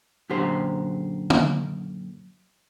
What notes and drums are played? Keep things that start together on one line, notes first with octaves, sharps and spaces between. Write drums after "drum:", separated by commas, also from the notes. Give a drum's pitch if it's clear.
F#2 A#2 D3 G4 C5
drum: tom